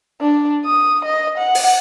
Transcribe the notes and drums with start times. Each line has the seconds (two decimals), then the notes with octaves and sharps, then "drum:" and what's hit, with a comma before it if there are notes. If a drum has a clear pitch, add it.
0.21 D4
0.66 D#6
1.05 D#5
1.38 F#5
1.55 drum: open hi-hat